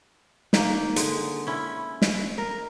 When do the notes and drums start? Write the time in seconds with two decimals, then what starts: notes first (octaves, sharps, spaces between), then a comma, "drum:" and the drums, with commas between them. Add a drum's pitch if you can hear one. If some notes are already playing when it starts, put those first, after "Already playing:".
0.53 D#3 A#3, drum: snare
0.96 D3 G#3, drum: hi-hat
1.47 C#4 E4
2.02 drum: snare
2.38 A#4